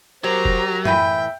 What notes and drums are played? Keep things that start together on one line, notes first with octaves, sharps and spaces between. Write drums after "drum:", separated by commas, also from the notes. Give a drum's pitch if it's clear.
F#3 G4 A#4 C5 A#5
drum: kick E1
A2 E3 B4 E5 G5, drum: tom F#2